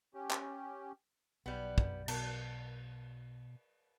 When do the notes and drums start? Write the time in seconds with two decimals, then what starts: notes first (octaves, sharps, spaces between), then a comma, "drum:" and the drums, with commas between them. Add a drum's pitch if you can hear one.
0.14 C#4 G4
0.31 drum: clap
1.46 B1 G3 B3
1.78 drum: kick
2.08 B2 A5, drum: cymbal